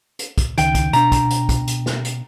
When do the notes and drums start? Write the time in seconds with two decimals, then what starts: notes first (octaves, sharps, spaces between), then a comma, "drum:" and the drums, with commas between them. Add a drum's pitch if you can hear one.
0.19 drum: hi-hat
0.38 drum: kick, hi-hat
0.58 C#2 D#3 G5, drum: hi-hat
0.75 drum: kick, hi-hat
0.93 B2 D4 A#5, drum: hi-hat
1.12 drum: kick, hi-hat
1.30 drum: hi-hat
1.49 drum: kick, hi-hat
1.67 drum: hi-hat
1.86 drum: snare
2.05 drum: hi-hat